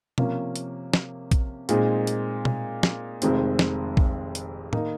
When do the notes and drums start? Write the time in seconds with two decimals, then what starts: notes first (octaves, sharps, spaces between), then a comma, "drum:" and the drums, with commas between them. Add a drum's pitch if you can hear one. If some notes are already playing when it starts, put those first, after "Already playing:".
0.18 C3 F3 A#3 C#4, drum: tom B2
0.56 drum: hi-hat
0.93 drum: snare
1.31 drum: kick, hi-hat
1.69 A#2 G#3 C4 D#4 G#4, drum: hi-hat
2.07 drum: hi-hat
2.45 drum: tom B2
2.83 drum: snare
3.22 F1 F2 D#3 G#3 C4, drum: hi-hat
3.59 drum: snare
3.97 drum: kick
4.35 drum: hi-hat
4.73 D#3 A#3 D#4, drum: tom A2